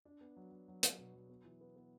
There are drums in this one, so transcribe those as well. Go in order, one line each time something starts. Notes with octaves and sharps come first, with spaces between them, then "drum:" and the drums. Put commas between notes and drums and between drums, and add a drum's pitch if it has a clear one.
D4
B3
F#3
F#3
F#3
B3, drum: hi-hat
B2
F#3
B3
E3
B3
B3